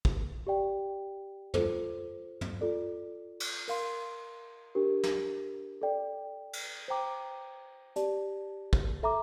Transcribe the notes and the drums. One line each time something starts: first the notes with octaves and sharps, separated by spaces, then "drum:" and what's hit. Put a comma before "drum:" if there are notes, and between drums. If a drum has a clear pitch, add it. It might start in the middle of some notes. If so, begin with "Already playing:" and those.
drum: kick
G4 D5 G5
F4 A4 C5, drum: tom
drum: tom
F4 A4 D5
drum: cymbal
A#4 F5 C6, drum: open hi-hat
D4 G4 A#4
drum: snare
A4 D5 G5
drum: cymbal
C5 G5 A#5 D6
G4 D5 A5, drum: hi-hat
drum: kick
A4 E5 A#5 D6